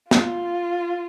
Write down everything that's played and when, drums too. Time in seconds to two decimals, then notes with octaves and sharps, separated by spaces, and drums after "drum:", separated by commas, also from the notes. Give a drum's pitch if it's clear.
0.11 F4, drum: snare